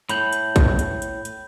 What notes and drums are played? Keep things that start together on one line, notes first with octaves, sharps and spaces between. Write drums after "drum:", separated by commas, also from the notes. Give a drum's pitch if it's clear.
A2 B5 G6 F#7, drum: hi-hat
drum: hi-hat
drum: kick, hi-hat
drum: hi-hat
drum: hi-hat
drum: hi-hat